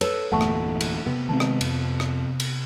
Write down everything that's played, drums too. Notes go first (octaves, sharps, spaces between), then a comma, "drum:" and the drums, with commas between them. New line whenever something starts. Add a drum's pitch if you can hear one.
A4 B4 C#5 E6, drum: cymbal
G1 E2 A#2 A3 F#5 A5 C#6
drum: rim click
drum: cymbal
C3 B3
D#3 G#3 C4 A5
drum: rim click
F2, drum: cymbal
drum: rim click
drum: cymbal